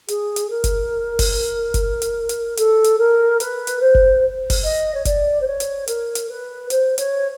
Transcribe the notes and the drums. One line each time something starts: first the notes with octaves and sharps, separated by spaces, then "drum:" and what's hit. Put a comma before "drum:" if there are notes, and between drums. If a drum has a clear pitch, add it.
G#4, drum: hi-hat
drum: hi-hat
A#4
drum: kick F#1, hi-hat
drum: kick F#1, open hi-hat
drum: kick F#1, hi-hat
drum: hi-hat
drum: hi-hat
A4, drum: hi-hat
drum: hi-hat
A#4
B4, drum: hi-hat
drum: hi-hat
C5
drum: kick F#1
drum: kick F#1, open hi-hat
D#5
C#5
D5, drum: kick F#1, hi-hat
C5
C#5
drum: hi-hat
A#4, drum: hi-hat
drum: hi-hat
B4
C5, drum: hi-hat
C#5, drum: hi-hat